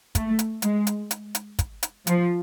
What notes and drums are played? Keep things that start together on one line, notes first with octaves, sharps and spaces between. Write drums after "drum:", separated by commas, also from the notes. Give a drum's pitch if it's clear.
A3, drum: kick, hi-hat
drum: hi-hat
G#3, drum: hi-hat
drum: hi-hat
drum: hi-hat
drum: hi-hat
drum: kick, hi-hat
drum: hi-hat
F3, drum: hi-hat